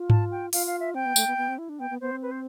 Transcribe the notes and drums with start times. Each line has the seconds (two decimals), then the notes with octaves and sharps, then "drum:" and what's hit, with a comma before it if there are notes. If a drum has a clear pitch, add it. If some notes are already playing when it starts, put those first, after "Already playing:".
Already playing: F4
0.10 A5, drum: tom G#2
0.31 G5
0.53 F4 F5, drum: open hi-hat
0.67 F5
0.80 E5
0.95 C4 G5
1.06 B3
1.16 A3, drum: tambourine
1.27 B3
1.37 B3
1.48 C4
1.58 E4
1.69 D4
1.80 B3 G5
1.90 B3
2.01 B3 C5
2.11 C4
2.22 B4
2.31 C5